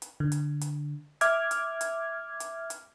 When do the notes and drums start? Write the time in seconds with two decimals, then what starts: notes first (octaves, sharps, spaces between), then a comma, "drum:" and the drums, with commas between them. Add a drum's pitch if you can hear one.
0.02 drum: hi-hat
0.20 D3
0.32 drum: hi-hat
0.61 drum: hi-hat
1.21 E5 D6 F6 G#6, drum: hi-hat
1.51 drum: hi-hat
1.81 drum: hi-hat
2.40 drum: hi-hat
2.70 drum: hi-hat